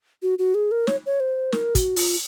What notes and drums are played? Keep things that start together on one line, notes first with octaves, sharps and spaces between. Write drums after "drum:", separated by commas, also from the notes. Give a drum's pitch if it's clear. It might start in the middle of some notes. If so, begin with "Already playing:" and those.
F#4
F#4
G#4
A#4
C#5, drum: snare
C#5
C5
A#4, drum: snare
F#4, drum: kick, hi-hat
F4, drum: open hi-hat